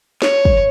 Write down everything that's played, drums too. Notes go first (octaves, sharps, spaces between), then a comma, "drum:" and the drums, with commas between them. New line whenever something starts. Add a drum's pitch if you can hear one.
C#5, drum: snare
drum: kick